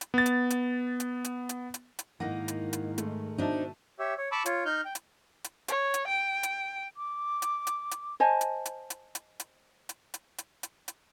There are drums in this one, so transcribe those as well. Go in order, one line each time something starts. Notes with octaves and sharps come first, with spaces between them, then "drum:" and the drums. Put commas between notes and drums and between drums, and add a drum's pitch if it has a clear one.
drum: hi-hat
B3 A6
drum: hi-hat
drum: hi-hat
drum: hi-hat
drum: hi-hat
drum: hi-hat
drum: hi-hat
drum: hi-hat
G#2 D#3 A#3 D#4 E4 F#5 A#6
drum: hi-hat
drum: hi-hat
G#3 A3, drum: hi-hat
B2 D4 D#4 C5 E5 A5
G4 C#5 E5
C#5
A5 B5 C#6 D6 E6
F4 C#5, drum: hi-hat
D#4 F6 G6
G5
drum: hi-hat
drum: hi-hat
C#5, drum: hi-hat
drum: hi-hat
G5
drum: hi-hat
D6
drum: hi-hat
drum: hi-hat
drum: hi-hat
C5 D#5 G#5 A5
drum: hi-hat
drum: hi-hat
drum: hi-hat
drum: hi-hat
drum: hi-hat
drum: hi-hat
drum: hi-hat
drum: hi-hat
drum: hi-hat
drum: hi-hat